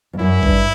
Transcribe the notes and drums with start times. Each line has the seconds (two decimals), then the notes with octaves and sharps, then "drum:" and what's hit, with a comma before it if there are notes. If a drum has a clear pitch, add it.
0.13 F2
0.19 F#2 E4
0.43 G2, drum: kick G#1